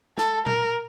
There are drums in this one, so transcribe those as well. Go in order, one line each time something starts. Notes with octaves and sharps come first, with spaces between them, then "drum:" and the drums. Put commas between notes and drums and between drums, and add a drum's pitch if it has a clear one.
A4, drum: snare
A#4, drum: tom A#2